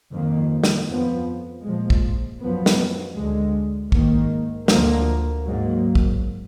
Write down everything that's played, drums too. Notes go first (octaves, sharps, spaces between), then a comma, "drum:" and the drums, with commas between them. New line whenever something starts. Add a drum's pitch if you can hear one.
F2 D#3 A#3
drum: snare
F2 F3 B3
A#2 F3 G#3
drum: kick
F#2 F3 B3
drum: snare
D2 D3 G#3
G#2 D#3 A#3, drum: kick
D2 D3 F3 A#3, drum: snare
G#2 F#3 A#3
drum: kick